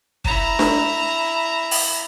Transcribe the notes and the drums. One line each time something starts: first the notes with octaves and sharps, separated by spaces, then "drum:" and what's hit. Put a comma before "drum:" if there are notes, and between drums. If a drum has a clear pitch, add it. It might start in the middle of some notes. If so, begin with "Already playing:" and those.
E4 A#5, drum: kick
drum: snare D4
drum: open hi-hat